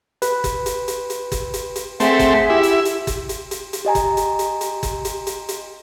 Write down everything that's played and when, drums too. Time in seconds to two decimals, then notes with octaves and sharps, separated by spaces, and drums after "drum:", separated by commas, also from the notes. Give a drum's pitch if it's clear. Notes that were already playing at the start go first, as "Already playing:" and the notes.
0.22 B4, drum: hi-hat
0.44 drum: kick, hi-hat
0.66 drum: hi-hat
0.88 drum: hi-hat
1.10 drum: hi-hat
1.32 drum: kick, hi-hat
1.54 drum: hi-hat
1.75 drum: hi-hat
2.00 A3 C4 G#4 E5 F#5, drum: hi-hat
2.19 drum: kick, hi-hat
2.50 E4 G4
2.63 drum: hi-hat
2.85 drum: hi-hat
3.07 drum: kick, hi-hat
3.29 drum: hi-hat
3.51 drum: hi-hat
3.73 drum: hi-hat
3.85 G4 D#5 G#5 A#5
3.95 drum: kick, hi-hat
4.17 drum: hi-hat
4.39 drum: hi-hat
4.61 drum: hi-hat
4.83 drum: kick, hi-hat
5.05 drum: hi-hat
5.27 drum: hi-hat
5.49 drum: hi-hat